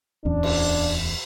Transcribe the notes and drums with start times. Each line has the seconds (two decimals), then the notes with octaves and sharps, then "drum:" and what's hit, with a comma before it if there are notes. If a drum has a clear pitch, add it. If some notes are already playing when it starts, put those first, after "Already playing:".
0.25 D1 E2 C#4 D4
0.43 drum: cymbal